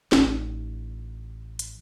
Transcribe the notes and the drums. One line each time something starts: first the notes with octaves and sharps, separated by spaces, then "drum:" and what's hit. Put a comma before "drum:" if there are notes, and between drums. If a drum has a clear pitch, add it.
A1 D#4, drum: snare
drum: hi-hat